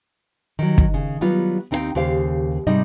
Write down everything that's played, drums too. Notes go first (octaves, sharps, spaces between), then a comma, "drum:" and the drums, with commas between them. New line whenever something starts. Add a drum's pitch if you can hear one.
D#3 F#3
drum: kick
C#3
F#3 G3 B3 F4
D#2 C4 D#4 E4 F5 G5
D#2 C#3 G4 C5 F5
G#2 C3 G3 D#4 D#5